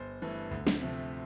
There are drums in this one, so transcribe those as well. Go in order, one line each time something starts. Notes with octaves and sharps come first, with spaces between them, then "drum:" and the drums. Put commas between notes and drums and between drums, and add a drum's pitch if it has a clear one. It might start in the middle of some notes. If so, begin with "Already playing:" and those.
Already playing: G1 C5
G2 E3 A3
D2
drum: snare
C3 F3 A3